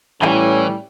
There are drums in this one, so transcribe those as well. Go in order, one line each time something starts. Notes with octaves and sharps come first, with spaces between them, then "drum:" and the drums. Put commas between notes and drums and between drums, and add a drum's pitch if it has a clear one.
A2 E3 G3 C#4, drum: clap